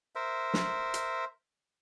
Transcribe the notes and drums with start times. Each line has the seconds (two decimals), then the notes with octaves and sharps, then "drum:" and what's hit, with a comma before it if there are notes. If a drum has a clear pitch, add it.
0.15 A#4 C5 E5
0.54 drum: snare
0.94 drum: hi-hat